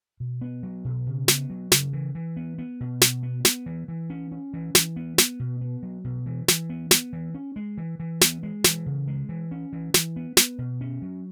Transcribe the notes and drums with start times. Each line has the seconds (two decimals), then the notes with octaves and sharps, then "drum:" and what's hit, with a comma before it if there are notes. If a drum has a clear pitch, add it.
0.20 B2
0.42 B3
0.63 F#3
0.85 B2
1.06 C#3
1.28 B3, drum: snare
1.50 F#3
1.72 C#3, drum: snare
1.93 E3
2.15 E3
2.36 B3
2.58 B3
2.80 B2
3.01 B2, drum: snare
3.23 B3
3.45 B3, drum: snare
3.66 E3
3.88 E3
4.10 C#4
4.32 C#4
4.53 E3
4.75 E3, drum: snare
4.96 B3
5.18 B3, drum: snare
5.40 B2
5.61 B3
5.83 F#3
6.04 B2
6.26 E3
6.48 E3, drum: snare
6.70 B3
6.91 B3, drum: snare
7.13 E3
7.35 C#4
7.56 G#3
7.78 E3
8.00 E3
8.21 B3, drum: snare
8.43 G#3
8.64 E3, drum: snare
8.86 C#3
9.07 G#3
9.29 E3
9.51 C#4
9.73 E3
9.94 E3, drum: snare
10.16 B3
10.37 B3, drum: snare
10.58 B2
10.81 C#4
11.02 F#3